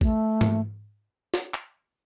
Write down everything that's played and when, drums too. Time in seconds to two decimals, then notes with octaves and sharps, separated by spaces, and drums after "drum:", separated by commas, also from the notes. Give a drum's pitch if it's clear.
0.01 A3, drum: kick A1
0.41 drum: tom G#2
1.34 drum: snare
1.54 drum: clap